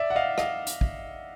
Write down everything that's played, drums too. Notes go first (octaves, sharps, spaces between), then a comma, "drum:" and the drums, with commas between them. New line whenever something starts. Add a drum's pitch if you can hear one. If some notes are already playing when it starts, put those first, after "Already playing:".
Already playing: D5 E5
F#5
D#5 F5
D#5 F5, drum: rim click
drum: hi-hat
drum: kick